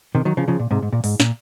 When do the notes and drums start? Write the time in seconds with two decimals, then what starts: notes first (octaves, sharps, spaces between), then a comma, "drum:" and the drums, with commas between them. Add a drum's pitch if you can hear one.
0.15 C3 D#3
0.25 D#3 F#3
0.37 C#3 F3
0.48 C#3 F3
0.59 A#2
0.71 G#2 C3
0.82 G#2
0.92 A#2
1.04 G#2, drum: open hi-hat
1.20 A#2, drum: snare